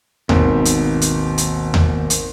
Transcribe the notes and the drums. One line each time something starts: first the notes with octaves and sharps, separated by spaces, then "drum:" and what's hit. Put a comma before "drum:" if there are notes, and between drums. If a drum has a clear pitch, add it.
G#1 D#2 B2, drum: tom D#2
drum: hi-hat
drum: hi-hat
drum: hi-hat
drum: tom D#2
drum: hi-hat